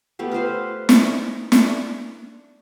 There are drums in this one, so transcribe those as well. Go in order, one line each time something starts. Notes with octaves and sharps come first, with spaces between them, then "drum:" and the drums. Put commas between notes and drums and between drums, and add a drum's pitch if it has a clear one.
A3 B3 G4
F4 B4 C5 F5
D#4 D5, drum: snare
D4, drum: snare